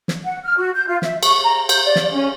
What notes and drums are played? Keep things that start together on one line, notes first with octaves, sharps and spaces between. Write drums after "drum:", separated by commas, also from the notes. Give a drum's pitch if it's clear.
drum: snare
F#5
F6
F#4
G6
F4
E5, drum: snare
C#6, drum: cymbal
A#5
G6, drum: cymbal
D5
drum: snare
C#4